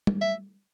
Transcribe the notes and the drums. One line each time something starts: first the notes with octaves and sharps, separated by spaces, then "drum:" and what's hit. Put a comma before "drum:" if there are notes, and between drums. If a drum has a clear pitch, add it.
drum: tom G3
E5